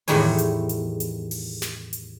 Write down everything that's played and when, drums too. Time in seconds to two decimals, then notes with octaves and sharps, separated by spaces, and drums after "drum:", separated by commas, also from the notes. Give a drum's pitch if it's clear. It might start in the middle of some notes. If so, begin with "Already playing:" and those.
0.08 E2 A2 D#3 G3 G#3 C#5, drum: open hi-hat
0.38 drum: hi-hat
0.69 drum: hi-hat
1.00 drum: hi-hat
1.31 drum: open hi-hat
1.62 drum: snare
1.93 drum: hi-hat